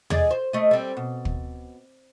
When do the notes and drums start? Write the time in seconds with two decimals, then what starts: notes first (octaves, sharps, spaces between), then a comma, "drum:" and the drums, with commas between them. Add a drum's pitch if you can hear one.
0.10 G#4 D5 D#5, drum: tom
0.31 C5
0.53 A3 D#5
0.71 G3 C4
0.97 B2
1.25 drum: kick